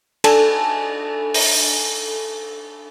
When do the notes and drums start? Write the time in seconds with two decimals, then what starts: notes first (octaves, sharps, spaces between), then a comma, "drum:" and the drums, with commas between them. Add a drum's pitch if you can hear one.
0.24 D4 A4 G#5 A5, drum: cymbal
1.34 drum: open hi-hat